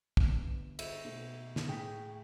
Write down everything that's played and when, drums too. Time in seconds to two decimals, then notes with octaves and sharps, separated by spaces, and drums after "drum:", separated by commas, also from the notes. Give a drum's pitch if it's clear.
0.17 drum: kick
0.27 G1 E7
0.79 E5, drum: cymbal
1.04 B2 A3
1.56 drum: snare
1.69 A2 G#4 G5 B6